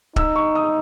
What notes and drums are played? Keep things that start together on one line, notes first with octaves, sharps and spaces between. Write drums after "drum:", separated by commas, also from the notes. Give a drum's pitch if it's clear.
D#4 E6, drum: kick D1
C#6
D#6